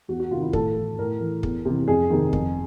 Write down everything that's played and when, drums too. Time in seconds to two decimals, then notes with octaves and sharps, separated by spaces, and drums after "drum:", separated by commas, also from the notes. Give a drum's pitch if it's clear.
0.08 E2 F#4
0.20 F#4
0.31 C3 D#3 F4
0.42 E4
0.53 A2 A4, drum: kick
0.76 E3
0.98 A2 A#4
1.21 E3
1.43 E2, drum: kick
1.65 C3 E3
1.88 F2 G#4
2.10 C3 D#3
2.33 F2, drum: kick